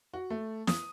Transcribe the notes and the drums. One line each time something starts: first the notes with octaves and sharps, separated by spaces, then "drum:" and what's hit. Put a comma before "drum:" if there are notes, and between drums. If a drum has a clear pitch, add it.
F#4
A3
D#6, drum: snare